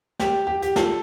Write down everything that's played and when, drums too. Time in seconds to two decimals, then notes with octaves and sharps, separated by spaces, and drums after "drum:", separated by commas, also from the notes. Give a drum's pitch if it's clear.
0.20 G4, drum: snare
0.47 G4
0.62 G4, drum: hi-hat
0.76 F4 A4, drum: snare